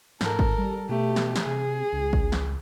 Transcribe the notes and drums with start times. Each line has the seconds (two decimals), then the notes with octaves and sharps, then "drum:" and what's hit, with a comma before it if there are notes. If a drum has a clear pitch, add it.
0.21 G#2 A4 A#4, drum: snare
0.39 drum: kick G#1
0.58 G3
0.89 B2 A3 G4
1.16 drum: snare
1.36 drum: snare
1.46 C3 G#4
1.93 C#2
2.13 drum: kick G#1
2.32 drum: snare